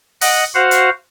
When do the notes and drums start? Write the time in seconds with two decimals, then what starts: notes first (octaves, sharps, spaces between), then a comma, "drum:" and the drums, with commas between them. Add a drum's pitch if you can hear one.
0.21 D#5 F#5 F#6, drum: open hi-hat
0.55 F#4 C5 F5 F#5
0.71 drum: hi-hat